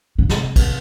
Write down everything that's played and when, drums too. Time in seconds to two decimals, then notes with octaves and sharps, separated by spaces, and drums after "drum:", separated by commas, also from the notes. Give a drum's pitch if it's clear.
0.18 C#3
0.30 C3, drum: snare
0.56 drum: kick, cymbal